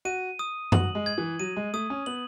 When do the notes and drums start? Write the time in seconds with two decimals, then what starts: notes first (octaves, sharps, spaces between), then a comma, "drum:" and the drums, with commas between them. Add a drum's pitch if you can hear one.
0.05 F#4 D#7
0.39 D#6
0.72 F#4 F#7, drum: tom F#2
0.95 G#3
1.06 G#6
1.18 E3
1.40 F#3 D#7
1.56 G#3
1.73 A3 D#6
1.90 C#4
2.06 B3 F#7